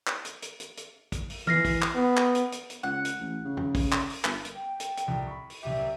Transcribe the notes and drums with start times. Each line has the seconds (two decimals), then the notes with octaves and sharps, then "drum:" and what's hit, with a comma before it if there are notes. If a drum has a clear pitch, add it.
0.07 drum: clap
0.25 drum: hi-hat
0.42 drum: hi-hat
0.60 drum: hi-hat
0.77 drum: hi-hat
1.12 drum: kick, hi-hat
1.30 drum: open hi-hat
1.47 E3 F6 A#6 C7, drum: tom E3
1.65 drum: kick, open hi-hat
1.82 drum: clap
1.95 B3
2.17 drum: clap
2.35 drum: hi-hat
2.52 drum: hi-hat
2.70 drum: hi-hat
2.83 C#2 F#5
3.05 drum: hi-hat
3.19 A1
3.45 C#3
3.57 drum: tom
3.75 drum: kick, open hi-hat
3.92 drum: clap
4.10 drum: open hi-hat
4.24 G1, drum: clap
4.45 drum: hi-hat
4.56 G5
4.80 drum: hi-hat
4.97 drum: hi-hat
5.07 C2 F2
5.27 B5 C#6
5.50 drum: open hi-hat
5.63 C2 F#2 G4 E5